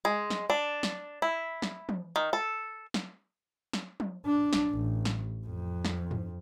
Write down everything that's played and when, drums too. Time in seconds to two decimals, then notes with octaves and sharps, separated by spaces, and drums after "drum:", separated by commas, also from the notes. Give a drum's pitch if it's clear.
0.05 G#3
0.30 drum: snare
0.50 D4
0.83 drum: snare
1.22 E4
1.62 drum: snare
1.89 drum: tom
2.16 D#3
2.33 A4
2.94 drum: snare
3.73 drum: snare
4.00 drum: tom
4.26 D4
4.53 drum: snare
4.71 A1
5.05 drum: snare
5.47 F2
5.85 drum: snare
6.11 drum: tom G2